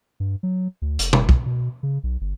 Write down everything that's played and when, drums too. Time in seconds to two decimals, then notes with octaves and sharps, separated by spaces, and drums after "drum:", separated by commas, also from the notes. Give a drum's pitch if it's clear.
0.20 G2
0.43 F#3
0.82 D2
0.99 F1, drum: hi-hat
1.13 drum: tom B2
1.29 drum: kick
1.46 B2
1.83 C#3
2.03 B1
2.21 G1